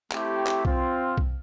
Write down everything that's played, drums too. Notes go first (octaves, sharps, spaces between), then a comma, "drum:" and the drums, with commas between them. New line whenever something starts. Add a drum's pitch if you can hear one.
A3 C4 E4 G4, drum: clap
drum: clap
C4 F4, drum: kick B1
drum: kick B1